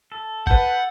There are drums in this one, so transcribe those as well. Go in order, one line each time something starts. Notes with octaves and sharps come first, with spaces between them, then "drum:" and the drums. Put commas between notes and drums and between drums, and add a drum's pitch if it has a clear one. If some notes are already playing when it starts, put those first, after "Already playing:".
A4
B4 F#5 A5 G6, drum: kick